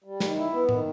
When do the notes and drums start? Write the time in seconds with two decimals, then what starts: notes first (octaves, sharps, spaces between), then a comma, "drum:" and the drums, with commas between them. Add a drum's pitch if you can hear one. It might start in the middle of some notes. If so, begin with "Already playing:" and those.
0.04 G3
0.20 D#3, drum: snare
0.36 E4
0.52 B3
0.69 D#3, drum: tom A2